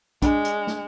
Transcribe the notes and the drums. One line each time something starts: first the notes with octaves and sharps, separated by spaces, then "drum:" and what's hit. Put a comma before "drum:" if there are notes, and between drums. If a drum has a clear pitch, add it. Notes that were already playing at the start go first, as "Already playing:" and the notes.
G#3 D4, drum: kick, hi-hat
drum: hi-hat
drum: snare